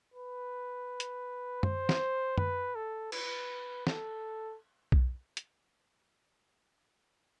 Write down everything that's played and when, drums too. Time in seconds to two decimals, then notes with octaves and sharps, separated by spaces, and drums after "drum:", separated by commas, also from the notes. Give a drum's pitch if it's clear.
0.14 B4
1.00 drum: hi-hat
1.63 C5, drum: tom F#2
1.89 drum: snare
2.38 B4, drum: tom F#2
2.75 A4
3.12 B4, drum: cymbal
3.87 A4, drum: snare
4.92 drum: kick B1
5.37 drum: hi-hat